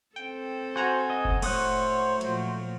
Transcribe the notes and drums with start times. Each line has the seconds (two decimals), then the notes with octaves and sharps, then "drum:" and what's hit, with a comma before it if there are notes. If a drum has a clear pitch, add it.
0.16 C4 A4 G5
0.76 F#4 C5 F#5 G#5 A#5
1.10 D#5
1.25 drum: kick F#1
1.42 A2 A3 C5 C#5 D#6 F#6, drum: cymbal
2.21 A#2 F3 F#3, drum: hi-hat